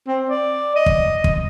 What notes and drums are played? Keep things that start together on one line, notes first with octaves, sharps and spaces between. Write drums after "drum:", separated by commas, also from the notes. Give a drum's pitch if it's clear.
C4
D5
D#5
drum: kick
drum: kick